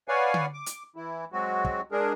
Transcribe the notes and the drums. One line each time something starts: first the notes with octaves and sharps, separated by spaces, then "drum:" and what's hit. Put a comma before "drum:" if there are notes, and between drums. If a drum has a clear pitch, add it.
B4 C#5 D5 F5 F#5 G#5
drum: tom D3
D6
drum: hi-hat
E3 E4
F#3 G#3 C4 F#4
drum: kick
G#3 D4 G#4 A#4